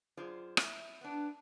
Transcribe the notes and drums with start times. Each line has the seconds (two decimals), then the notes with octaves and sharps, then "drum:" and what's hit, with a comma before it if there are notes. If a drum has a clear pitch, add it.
0.17 F#2 F4 G#4 C5 D5
0.57 E4, drum: rim click
1.01 B3 D4